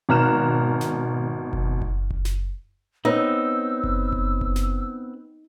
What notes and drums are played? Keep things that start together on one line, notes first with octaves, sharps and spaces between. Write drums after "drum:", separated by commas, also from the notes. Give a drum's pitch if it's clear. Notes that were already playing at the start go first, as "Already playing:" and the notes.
G#1 B2 A#5 F6 F#6 E7
drum: snare
drum: kick F#1
drum: kick F#1
drum: kick F#1
drum: snare
B3 C4 D#4 B4 C#5 E6
drum: kick F#1
drum: kick F#1
drum: kick F#1
drum: snare